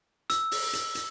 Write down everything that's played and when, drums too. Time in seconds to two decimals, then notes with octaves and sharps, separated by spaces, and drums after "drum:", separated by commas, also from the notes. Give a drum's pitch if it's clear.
0.30 E6, drum: hi-hat
0.51 drum: open hi-hat
0.73 drum: hi-hat
0.95 drum: hi-hat